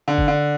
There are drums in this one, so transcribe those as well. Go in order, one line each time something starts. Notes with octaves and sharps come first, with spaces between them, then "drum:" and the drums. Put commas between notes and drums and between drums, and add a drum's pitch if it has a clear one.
D3
drum: kick F#1
D3